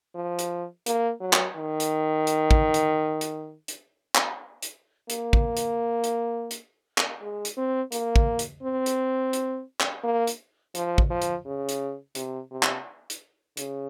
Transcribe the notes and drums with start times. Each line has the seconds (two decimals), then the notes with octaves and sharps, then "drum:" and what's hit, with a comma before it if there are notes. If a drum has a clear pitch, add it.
0.15 F3
0.39 drum: hi-hat
0.86 A#3, drum: hi-hat
1.21 F#3
1.33 drum: clap
1.57 D#3
1.80 drum: hi-hat
2.27 drum: hi-hat
2.51 drum: kick
2.74 drum: hi-hat
3.21 drum: hi-hat
3.68 drum: hi-hat
4.15 drum: clap
4.62 drum: hi-hat
5.10 A#3, drum: hi-hat
5.33 drum: kick
5.57 drum: hi-hat
6.04 drum: hi-hat
6.51 drum: hi-hat
6.98 drum: clap
7.22 G#3
7.45 drum: hi-hat
7.57 C4
7.92 A#3, drum: hi-hat
8.16 drum: kick
8.39 drum: hi-hat
8.63 C4
8.86 drum: hi-hat
9.33 drum: hi-hat
9.80 drum: clap
10.04 A#3
10.27 drum: hi-hat
10.75 F3, drum: hi-hat
10.98 drum: kick
11.10 F3
11.22 drum: hi-hat
11.46 C#3
11.69 drum: hi-hat
12.15 C3, drum: hi-hat
12.51 C3
12.63 drum: clap
13.10 drum: hi-hat
13.57 C#3, drum: hi-hat